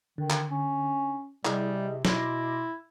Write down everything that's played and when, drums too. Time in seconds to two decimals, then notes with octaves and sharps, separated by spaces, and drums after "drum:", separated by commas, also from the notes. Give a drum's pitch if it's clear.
0.18 D3 D#3
0.30 drum: clap
0.50 C#4
1.45 C3 G3 E4 G#4 D#5, drum: clap
2.05 B2 E4 C6 D6 A#6, drum: snare